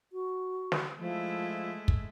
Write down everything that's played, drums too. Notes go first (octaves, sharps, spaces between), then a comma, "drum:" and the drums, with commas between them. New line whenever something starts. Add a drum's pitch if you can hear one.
F#4
drum: snare
F3 G#3 A3 E4
drum: kick